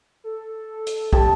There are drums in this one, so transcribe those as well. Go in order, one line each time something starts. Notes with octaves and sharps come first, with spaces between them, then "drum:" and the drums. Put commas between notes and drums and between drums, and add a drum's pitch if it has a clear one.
A4
drum: hi-hat
G4 A4 A5, drum: kick